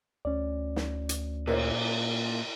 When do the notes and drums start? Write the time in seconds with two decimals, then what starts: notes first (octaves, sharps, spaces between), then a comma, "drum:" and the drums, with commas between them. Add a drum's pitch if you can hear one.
0.25 D2 C#4 D5
0.76 drum: snare
1.09 drum: hi-hat
1.47 A#2 A#4 C5 C#5, drum: cymbal